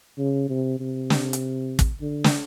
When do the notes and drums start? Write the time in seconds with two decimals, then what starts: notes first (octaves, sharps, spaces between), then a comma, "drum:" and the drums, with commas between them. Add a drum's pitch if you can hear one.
0.18 C#3
0.49 C3
0.80 C3
1.10 drum: snare
1.33 drum: hi-hat
1.79 drum: kick, hi-hat
2.01 D3
2.24 drum: snare